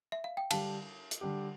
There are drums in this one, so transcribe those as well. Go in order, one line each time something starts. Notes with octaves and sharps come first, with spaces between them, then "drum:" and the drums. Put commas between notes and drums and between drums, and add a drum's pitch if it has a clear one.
E5
F5
G5
D3 G3 D4 G4 F5 A5, drum: cymbal
drum: hi-hat
D3 G3 D4 G4